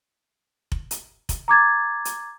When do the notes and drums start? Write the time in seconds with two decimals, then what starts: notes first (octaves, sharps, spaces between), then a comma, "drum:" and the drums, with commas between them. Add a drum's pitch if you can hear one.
0.72 drum: kick F1
0.91 drum: hi-hat
1.29 drum: kick F1, hi-hat
1.48 A#5 D6 G#6 A6
2.05 drum: hi-hat